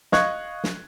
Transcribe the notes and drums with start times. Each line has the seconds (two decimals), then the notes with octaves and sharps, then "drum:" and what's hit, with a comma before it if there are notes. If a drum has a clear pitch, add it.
0.12 D#5 F5 C#6 F#6 G#6, drum: snare
0.64 drum: snare